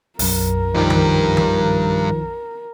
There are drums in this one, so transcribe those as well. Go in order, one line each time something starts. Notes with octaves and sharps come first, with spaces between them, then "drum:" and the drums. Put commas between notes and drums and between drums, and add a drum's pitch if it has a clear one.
B1 F#2 A#4, drum: open hi-hat
G2 D#3 F3 D#4 G4
drum: tom D#3
drum: tom D#3